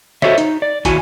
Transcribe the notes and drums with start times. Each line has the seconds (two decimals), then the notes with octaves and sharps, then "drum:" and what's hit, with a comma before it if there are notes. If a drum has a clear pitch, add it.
0.22 F#4 A4 C5 C#5 D#5 E5, drum: snare
0.38 D#4, drum: hi-hat
0.62 D5
0.85 D#2 E4 F#4 G#5, drum: kick, hi-hat